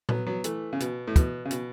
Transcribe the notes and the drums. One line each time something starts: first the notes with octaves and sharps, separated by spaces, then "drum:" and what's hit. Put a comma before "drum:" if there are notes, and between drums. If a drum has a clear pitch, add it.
F#3 B3, drum: tom A#2
F#3 B3
E3 A3, drum: hi-hat
C#3
B2, drum: hi-hat
A2
B2, drum: kick, hi-hat
C#3
B2, drum: hi-hat